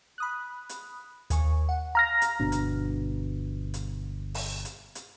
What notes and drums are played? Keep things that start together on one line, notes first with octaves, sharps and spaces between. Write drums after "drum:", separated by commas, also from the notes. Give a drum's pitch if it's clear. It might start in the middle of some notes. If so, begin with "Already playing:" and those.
B5 D#6 F#6
drum: hi-hat
D#2 G#5 C#6, drum: hi-hat
F#5
F5 A#5 F6 A#6
drum: hi-hat
G1 B2 D4
drum: hi-hat
drum: hi-hat
drum: open hi-hat
drum: hi-hat
drum: hi-hat